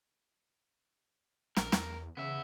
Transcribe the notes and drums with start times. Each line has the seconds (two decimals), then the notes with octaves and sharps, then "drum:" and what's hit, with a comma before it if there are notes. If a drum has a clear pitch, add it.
1.57 A#1 A#4, drum: snare
1.72 E2, drum: snare
2.17 C#3 B3 E5